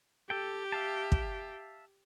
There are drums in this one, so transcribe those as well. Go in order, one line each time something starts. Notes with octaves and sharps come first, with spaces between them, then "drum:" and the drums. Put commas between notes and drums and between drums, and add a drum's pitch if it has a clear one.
G4 A4 G5
E5 F5 A5
drum: kick